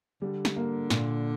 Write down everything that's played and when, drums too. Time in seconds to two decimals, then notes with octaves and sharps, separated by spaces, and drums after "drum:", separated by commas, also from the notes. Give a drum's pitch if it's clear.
0.22 D3 G3
0.45 drum: snare
0.56 A#3
0.90 A#2, drum: snare